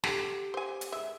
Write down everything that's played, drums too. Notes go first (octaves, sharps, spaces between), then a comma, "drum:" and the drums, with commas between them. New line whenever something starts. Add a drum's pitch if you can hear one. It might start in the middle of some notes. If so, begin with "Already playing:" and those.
D3 G4 D7, drum: snare
C5 G#5
drum: hi-hat
G#3 E5